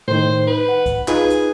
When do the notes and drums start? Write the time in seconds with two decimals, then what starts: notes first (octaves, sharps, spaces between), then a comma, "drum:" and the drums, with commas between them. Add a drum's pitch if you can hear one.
0.08 A2 D#3 C5
0.47 D#4 B4
0.69 F#5
0.86 drum: kick C2, hi-hat
1.08 D#4 F4 G#4 B4, drum: clap
1.30 drum: hi-hat